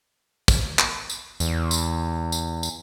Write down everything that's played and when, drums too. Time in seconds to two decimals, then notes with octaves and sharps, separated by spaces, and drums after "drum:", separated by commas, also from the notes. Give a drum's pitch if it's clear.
0.48 drum: kick, tambourine
0.79 drum: clap
1.10 drum: tambourine
1.40 E2, drum: tambourine
1.71 drum: tambourine
2.32 drum: tambourine
2.63 drum: tambourine